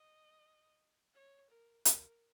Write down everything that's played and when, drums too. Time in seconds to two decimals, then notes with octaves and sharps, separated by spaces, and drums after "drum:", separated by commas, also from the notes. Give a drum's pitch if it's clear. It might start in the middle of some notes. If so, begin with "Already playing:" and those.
Already playing: D#5
1.14 C#5
1.50 A#4
1.85 A#4, drum: hi-hat